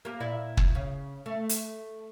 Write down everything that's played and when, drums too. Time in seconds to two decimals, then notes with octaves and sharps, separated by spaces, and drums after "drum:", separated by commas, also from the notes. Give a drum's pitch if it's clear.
0.05 A#3 G4
0.20 A#2 E4 D5
0.57 drum: kick
0.75 C#3
1.26 A3
1.49 drum: hi-hat